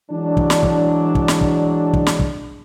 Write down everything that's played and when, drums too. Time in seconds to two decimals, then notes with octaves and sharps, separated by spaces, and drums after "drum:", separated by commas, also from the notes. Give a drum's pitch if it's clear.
0.11 E3 F#3 G#3 D4
0.37 drum: kick
0.50 drum: snare
0.63 drum: kick
1.15 drum: kick
1.28 drum: snare
1.41 drum: kick
1.93 drum: kick
2.07 drum: snare
2.20 drum: kick